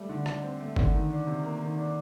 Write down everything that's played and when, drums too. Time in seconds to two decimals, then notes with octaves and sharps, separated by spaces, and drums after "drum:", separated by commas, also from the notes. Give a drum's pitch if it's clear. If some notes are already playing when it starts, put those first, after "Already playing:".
Already playing: G3 A3
0.09 D3
0.26 D3, drum: rim click
0.43 C4
0.60 A3
0.76 D3, drum: kick G1
0.93 D#3
1.10 D4
1.27 C3
1.43 A#3
1.61 D#3
1.78 D4